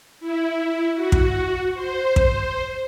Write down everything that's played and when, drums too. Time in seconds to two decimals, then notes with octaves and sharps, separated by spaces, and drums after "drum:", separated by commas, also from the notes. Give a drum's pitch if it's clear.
0.20 E4
0.95 F#4
1.12 drum: kick
1.74 C5
2.16 drum: kick